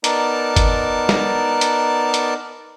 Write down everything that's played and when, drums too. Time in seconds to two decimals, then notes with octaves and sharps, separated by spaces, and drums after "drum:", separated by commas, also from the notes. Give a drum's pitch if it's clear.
0.04 B3 D#4 A#4 D5 A5, drum: hi-hat
0.56 drum: kick, hi-hat
1.09 drum: snare
1.61 drum: hi-hat
2.14 drum: hi-hat